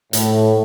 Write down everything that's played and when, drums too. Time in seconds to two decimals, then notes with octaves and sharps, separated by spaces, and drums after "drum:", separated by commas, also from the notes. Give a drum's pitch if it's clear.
0.13 A2, drum: hi-hat